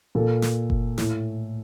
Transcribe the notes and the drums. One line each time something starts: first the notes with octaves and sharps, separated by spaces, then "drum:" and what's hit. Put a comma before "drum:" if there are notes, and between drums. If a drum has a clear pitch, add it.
A#2 A4
drum: snare
drum: kick F#1
A2, drum: snare